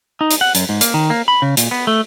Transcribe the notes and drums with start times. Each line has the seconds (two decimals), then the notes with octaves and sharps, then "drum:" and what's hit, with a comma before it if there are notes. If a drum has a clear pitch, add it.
0.21 D#4
0.31 drum: hi-hat
0.41 F#5
0.55 F#2, drum: hi-hat
0.69 G#2
0.81 A#3, drum: hi-hat
0.94 D#3
1.10 A#3
1.28 B5
1.42 C#3
1.57 A#2, drum: hi-hat
1.71 B3
1.87 A3